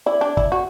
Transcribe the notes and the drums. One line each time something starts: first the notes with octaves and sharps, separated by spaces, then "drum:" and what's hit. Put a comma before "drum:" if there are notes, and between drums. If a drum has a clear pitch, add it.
E4 D5
D4
E4, drum: kick
F#4